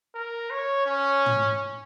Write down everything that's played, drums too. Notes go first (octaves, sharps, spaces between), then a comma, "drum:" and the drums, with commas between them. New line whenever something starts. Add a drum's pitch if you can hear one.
A#4
C#5
C#4
drum: tom